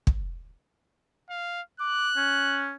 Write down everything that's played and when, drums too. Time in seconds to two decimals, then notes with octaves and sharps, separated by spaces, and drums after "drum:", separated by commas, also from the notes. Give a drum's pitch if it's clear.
0.07 drum: kick
1.30 F5
1.80 D6 F#6
2.16 C#4